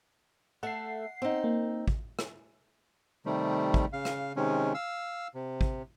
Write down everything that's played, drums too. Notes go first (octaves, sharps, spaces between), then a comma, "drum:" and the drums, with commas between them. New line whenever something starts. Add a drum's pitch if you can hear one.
A3 A4 E5 F#5 C7
C4 D#4
A#3
drum: kick
drum: rim click
C3 D#3 G3 A3
drum: kick
C#3 F5
drum: rim click
C3 D#3 G#3 C#4
F5 E6
C3
drum: kick